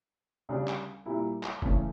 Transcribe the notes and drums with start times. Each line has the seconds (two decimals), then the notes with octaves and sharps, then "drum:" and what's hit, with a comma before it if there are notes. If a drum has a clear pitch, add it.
0.49 D2 C#3 G3 D4
0.68 drum: clap
1.06 A#2 G3 A#3 E4
1.43 drum: clap
1.62 C#3 E3 A3 C#4, drum: kick